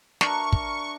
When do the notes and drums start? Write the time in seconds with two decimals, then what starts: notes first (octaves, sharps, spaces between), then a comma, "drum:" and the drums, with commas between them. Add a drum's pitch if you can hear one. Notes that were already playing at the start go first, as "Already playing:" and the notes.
0.21 D4 A#4 E5 C#6, drum: snare
0.53 drum: kick